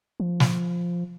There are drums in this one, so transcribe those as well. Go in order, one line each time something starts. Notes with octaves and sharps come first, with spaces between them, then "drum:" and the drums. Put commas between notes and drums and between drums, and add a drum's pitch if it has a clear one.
F3
drum: snare